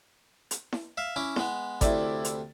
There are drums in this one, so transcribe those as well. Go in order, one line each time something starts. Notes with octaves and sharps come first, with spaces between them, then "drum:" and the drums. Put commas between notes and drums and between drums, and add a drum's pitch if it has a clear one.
drum: hi-hat
drum: snare E4
E5 F5
C#4 E4 D6
G#3 B3, drum: snare E4
D2 C3 E4 D5, drum: kick, hi-hat
drum: hi-hat